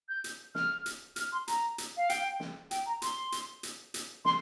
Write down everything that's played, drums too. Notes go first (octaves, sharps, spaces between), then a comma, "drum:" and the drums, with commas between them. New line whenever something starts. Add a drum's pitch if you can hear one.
G6
drum: hi-hat
F6, drum: snare
drum: hi-hat
F6, drum: hi-hat
C6
A#5, drum: hi-hat
drum: hi-hat
F5
G5, drum: hi-hat
drum: snare
G5, drum: hi-hat
A#5
C6, drum: hi-hat
drum: hi-hat
drum: hi-hat
drum: hi-hat
C6, drum: snare